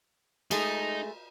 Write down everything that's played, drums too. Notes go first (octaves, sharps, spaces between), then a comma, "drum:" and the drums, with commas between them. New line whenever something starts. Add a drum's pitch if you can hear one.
G#3 A3 D#4 G#4, drum: cymbal